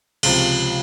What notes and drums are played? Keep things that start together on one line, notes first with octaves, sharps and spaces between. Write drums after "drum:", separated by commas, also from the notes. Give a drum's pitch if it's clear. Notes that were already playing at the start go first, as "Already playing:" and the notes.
C#2 C3 F3, drum: cymbal